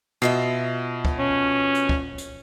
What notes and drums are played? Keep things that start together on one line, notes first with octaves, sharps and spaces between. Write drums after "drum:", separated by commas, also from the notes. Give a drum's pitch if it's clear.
B2 F4 D#5 E5 C7
drum: kick D2
C#4
drum: hi-hat
drum: kick D2
drum: hi-hat